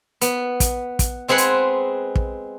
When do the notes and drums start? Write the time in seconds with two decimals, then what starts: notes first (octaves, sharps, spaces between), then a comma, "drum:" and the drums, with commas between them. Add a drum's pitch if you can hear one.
0.21 B3, drum: hi-hat
0.60 drum: kick, hi-hat
0.99 drum: kick, hi-hat
1.28 G#3 C4 G#4 B4 F#5
1.38 drum: hi-hat
2.16 drum: kick